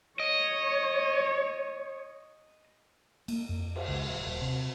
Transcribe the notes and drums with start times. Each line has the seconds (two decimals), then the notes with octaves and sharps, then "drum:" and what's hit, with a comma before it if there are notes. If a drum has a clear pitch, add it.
0.20 C#5 D#5
3.28 A#3, drum: cymbal
3.49 F2
3.76 drum: cymbal
3.88 C#2
4.10 D1
4.27 D#1
4.42 C3